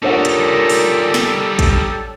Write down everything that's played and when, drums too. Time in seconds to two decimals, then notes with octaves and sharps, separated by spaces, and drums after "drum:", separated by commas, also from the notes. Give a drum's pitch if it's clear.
0.03 A#2 G3 D4 D#4 A4 C#5 F#5
0.25 drum: hi-hat
0.70 drum: open hi-hat
1.14 drum: snare
1.59 drum: kick, hi-hat